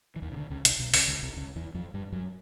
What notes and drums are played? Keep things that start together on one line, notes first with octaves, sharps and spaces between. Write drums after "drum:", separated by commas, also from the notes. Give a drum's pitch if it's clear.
E3
D#2 D#3
C#3
D2 D3
C#2 C#3
C2 C3, drum: hi-hat
B1 B2
C#2 C#3, drum: open hi-hat
C#2 C#3
C2 C3
C#2 C#3
E2 E3
F2 F3
G2 G3
F#2 F#3